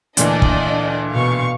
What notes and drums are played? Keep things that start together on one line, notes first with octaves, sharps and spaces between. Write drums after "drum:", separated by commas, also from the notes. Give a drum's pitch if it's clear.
D2 A#2 E3 D4 D5 D#5, drum: hi-hat
drum: kick
B2 F5 C#6